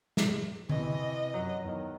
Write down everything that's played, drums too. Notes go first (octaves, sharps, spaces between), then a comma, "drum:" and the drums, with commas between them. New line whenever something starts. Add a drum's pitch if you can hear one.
drum: snare
C3 E3 D#5, drum: tom D3
F#2 F#3
E2 D#3